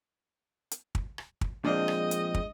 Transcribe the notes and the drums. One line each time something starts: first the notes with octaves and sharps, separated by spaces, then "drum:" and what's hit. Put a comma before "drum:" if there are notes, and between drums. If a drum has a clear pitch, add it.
drum: hi-hat
drum: kick
drum: rim click
drum: kick
A#2 F3 G#3 C4 D4 D#5
drum: rim click
drum: hi-hat
drum: kick